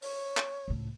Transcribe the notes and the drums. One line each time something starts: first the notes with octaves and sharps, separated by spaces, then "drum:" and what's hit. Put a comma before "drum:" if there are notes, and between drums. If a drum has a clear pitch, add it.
C#5, drum: open hi-hat
drum: clap
C#2 A2